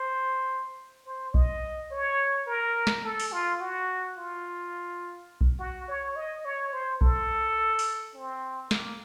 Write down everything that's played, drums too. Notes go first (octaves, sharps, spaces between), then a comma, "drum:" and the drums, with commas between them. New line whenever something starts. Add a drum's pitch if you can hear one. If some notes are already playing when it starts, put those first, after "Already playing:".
Already playing: C5
C5
D#5, drum: kick B1
C#5
A#4
drum: snare
A4
drum: open hi-hat
F4
F#4
F4
drum: kick B1
F#4
C#5
D#5
C#5
C5
A4, drum: kick B1
drum: open hi-hat
C4
A#3, drum: snare